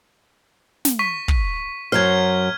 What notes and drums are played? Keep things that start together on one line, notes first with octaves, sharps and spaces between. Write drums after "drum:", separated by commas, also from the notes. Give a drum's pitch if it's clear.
drum: snare
C#6 B6
drum: kick
F#2 F#3 C5 F6 G#6